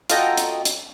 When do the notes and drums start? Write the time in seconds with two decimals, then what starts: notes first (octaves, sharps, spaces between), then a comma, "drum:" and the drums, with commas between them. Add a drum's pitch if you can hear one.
0.10 F4 F#4 A4 D#5 G5 A#5, drum: hi-hat
0.37 drum: hi-hat
0.65 drum: hi-hat